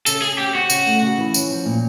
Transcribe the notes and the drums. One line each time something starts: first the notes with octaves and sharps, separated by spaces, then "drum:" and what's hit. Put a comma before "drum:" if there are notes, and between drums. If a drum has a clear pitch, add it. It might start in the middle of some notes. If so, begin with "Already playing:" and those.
C#3 A4, drum: tambourine
C#3 G#4
C4 G4
C4 F#4
C#3, drum: tambourine
A3
C#3
E3
C#4, drum: tambourine
F3
A#2